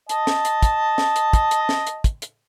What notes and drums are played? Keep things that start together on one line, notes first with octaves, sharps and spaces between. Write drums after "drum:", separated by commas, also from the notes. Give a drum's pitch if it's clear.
D#5 A5, drum: hi-hat
drum: snare
drum: hi-hat
drum: kick, hi-hat
drum: snare
drum: hi-hat
drum: kick, hi-hat
drum: hi-hat
drum: snare
drum: hi-hat
drum: kick, hi-hat
drum: hi-hat